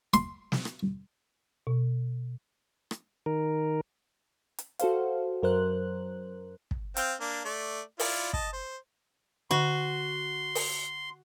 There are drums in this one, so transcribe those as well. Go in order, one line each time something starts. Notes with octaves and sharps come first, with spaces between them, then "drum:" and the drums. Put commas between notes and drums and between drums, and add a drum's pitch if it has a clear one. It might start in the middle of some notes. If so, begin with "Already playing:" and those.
C6, drum: hi-hat
drum: snare
drum: rim click
B2
drum: rim click
D#3 A#4
drum: hi-hat
F#4 A4 C5 F5, drum: hi-hat
F#2 A#4 C5 F#6
drum: kick
C4 F5 G5, drum: hi-hat
A#3 D4
A3 D5
E4 F4 D5, drum: open hi-hat
D#5 A5, drum: kick
C5
D3 F#4 C6
drum: open hi-hat